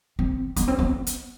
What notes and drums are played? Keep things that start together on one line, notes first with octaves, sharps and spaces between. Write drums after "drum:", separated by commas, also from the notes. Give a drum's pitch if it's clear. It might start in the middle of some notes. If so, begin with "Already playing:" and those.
C4
B3, drum: hi-hat
C4
B3
drum: hi-hat